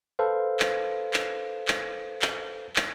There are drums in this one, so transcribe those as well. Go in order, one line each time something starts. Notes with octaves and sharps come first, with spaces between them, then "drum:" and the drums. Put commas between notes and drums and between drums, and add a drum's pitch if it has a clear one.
A4 B4 C5 F5
drum: clap
drum: clap
drum: clap
drum: clap
drum: clap